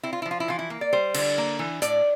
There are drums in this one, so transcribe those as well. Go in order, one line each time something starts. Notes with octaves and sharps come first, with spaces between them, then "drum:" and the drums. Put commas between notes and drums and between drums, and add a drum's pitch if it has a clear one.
C4 E4
F4
E4
F3
F4
E4
E3 F4
E4
A#3
D5
G3 C5
D3, drum: cymbal
A#3
E3
A2 D5, drum: hi-hat